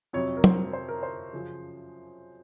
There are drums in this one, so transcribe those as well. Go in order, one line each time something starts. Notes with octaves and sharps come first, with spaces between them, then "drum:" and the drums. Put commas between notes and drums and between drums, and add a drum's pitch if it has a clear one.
F2 C3 F#3 C#5
A#4
C5, drum: tom
C5
A#4
C5
F#2 C#3 F3